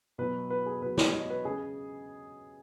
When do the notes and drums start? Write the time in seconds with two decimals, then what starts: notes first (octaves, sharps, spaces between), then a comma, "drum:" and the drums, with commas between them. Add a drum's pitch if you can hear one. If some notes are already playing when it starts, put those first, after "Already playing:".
0.18 B2 F#3 B4
0.50 B4
0.66 G#4
0.81 B2 F#3 B4
0.98 C#5, drum: snare
1.13 D#5
1.30 B4
1.45 C#3 G#3 G#4